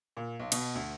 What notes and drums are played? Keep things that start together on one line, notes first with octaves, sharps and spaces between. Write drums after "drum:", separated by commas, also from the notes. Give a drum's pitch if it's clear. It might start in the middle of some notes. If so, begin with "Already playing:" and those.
A#2
B1
B2, drum: cymbal
D2